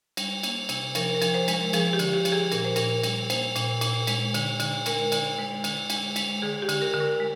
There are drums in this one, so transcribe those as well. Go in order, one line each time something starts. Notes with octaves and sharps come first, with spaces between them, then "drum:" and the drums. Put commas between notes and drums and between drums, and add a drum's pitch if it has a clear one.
G3, drum: cymbal
A#3, drum: cymbal
C3, drum: cymbal
F3 A#4, drum: cymbal
A#4
F3, drum: cymbal
C5
G#3, drum: cymbal
A#4
F3 G#4, drum: cymbal
G4
D3, drum: cymbal
G4
F3, drum: cymbal
G#4
A#2 A#4, drum: cymbal
C5
A#2 A#4, drum: cymbal
G3, drum: cymbal
A#3 C5, drum: cymbal
A#2, drum: cymbal
A#2, drum: cymbal
G#3, drum: cymbal
D3, drum: cymbal
D3, drum: cymbal
G#3 A#4, drum: cymbal
D3, drum: cymbal
G#3
D3, drum: cymbal
G#3, drum: cymbal
G#3, drum: cymbal
D3 G#4
G4
D3, drum: cymbal
A#4
D3
A#4
G#3